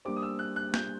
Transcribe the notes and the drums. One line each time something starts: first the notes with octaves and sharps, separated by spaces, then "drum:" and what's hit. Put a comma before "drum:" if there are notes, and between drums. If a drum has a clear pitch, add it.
G3 A#3 D4 G4 C5 D6
D#6
E6
F#6
F#6
G6, drum: snare